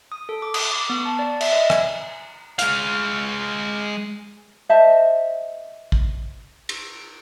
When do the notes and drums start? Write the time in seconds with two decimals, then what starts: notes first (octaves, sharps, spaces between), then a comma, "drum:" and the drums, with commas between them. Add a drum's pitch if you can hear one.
0.12 D#6
0.29 A4
0.42 D6
0.54 D#6, drum: cymbal
0.72 D6
0.90 B3
1.05 A5
1.19 D5
1.41 E5, drum: cymbal
1.53 D#5
1.70 G#5, drum: rim click
2.59 G#3 F5, drum: hi-hat
4.69 C5 D#5 E5 A5
5.92 drum: kick
6.69 drum: cymbal